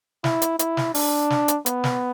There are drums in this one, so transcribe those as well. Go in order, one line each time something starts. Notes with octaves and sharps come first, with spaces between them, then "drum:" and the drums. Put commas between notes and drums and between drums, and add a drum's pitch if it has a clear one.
E4, drum: snare
drum: hi-hat
E4, drum: hi-hat
drum: snare
D4, drum: open hi-hat
drum: snare
drum: hi-hat
B3, drum: hi-hat
drum: snare